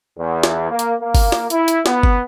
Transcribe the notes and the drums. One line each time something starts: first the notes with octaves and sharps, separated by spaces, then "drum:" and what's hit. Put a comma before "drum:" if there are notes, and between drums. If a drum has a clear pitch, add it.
E2
drum: snare
A#3
drum: hi-hat
A#3
drum: kick G1, open hi-hat
drum: snare
E4, drum: hi-hat
drum: hi-hat
B3, drum: snare
drum: kick G1